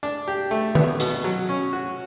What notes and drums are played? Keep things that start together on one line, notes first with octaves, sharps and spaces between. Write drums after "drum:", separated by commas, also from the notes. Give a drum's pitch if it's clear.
D4
G4
A3
B3, drum: tom D#3
B2, drum: hi-hat
F#3
C#4
F#4